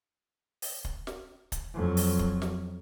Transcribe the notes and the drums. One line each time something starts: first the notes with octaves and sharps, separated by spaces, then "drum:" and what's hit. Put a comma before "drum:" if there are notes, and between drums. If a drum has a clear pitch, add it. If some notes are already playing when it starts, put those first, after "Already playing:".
drum: open hi-hat
drum: kick
drum: snare
drum: kick, hi-hat
F2 F#3
drum: open hi-hat
drum: kick
drum: snare